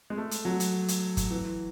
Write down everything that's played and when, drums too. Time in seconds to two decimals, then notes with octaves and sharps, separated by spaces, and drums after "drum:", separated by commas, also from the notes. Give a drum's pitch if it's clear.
0.10 G#3
0.18 A3
0.31 drum: hi-hat
0.45 F#3
0.60 drum: hi-hat
0.88 drum: hi-hat
1.17 drum: kick F#1, hi-hat
1.31 E3